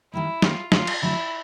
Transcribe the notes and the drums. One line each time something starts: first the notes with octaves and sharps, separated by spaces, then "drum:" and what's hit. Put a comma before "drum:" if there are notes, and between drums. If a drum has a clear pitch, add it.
D#3 G3 A#3 E4
D#3 G3 A#3 F4, drum: snare
D2 D3 F#3 A3 F4, drum: snare
drum: cymbal
D2 D3 F#3 A3 E4